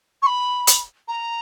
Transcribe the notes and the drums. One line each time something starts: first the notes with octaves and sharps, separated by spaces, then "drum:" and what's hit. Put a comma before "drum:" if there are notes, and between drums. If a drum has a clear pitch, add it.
C#6
B5
drum: hi-hat
A#5